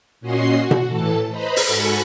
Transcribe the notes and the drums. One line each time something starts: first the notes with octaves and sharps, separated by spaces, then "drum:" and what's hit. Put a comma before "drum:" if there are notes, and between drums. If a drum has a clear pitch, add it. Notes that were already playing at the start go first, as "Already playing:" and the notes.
A#2 C#4 F#4 D#5 C6 C7
F#4
drum: tom B2
A2 E3 A4 A5
B4 C5 D#5 A#5 B5
drum: open hi-hat
G#2 F#4 A4 G#5 B5 C#7